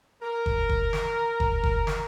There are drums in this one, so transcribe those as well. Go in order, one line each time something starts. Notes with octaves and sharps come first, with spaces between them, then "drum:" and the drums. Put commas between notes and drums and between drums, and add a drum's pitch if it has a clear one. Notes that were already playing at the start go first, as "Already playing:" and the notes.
A#4
drum: kick F#1
drum: kick F#1
drum: snare
drum: kick F#1
drum: kick F#1
drum: snare